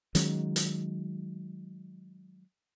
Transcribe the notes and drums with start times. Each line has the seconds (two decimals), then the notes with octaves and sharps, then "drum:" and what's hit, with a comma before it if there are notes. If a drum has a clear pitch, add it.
0.15 D#3 F#3 G#3 C#4, drum: hi-hat
0.56 drum: hi-hat